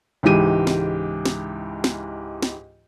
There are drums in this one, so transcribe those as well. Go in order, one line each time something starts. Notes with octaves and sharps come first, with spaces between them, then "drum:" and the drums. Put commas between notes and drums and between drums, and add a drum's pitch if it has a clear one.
C#2 G#2 E3 G4 D#7
drum: snare
drum: snare
drum: snare
drum: snare